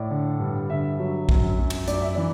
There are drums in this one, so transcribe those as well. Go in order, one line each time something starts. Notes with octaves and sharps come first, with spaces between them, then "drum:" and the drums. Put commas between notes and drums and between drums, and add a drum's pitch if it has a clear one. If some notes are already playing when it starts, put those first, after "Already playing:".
Already playing: A2 D5
D3
G2
D3 E5
F#3
F#2, drum: kick
F#2
drum: cymbal
F#2 D5, drum: hi-hat
E5
E3 D5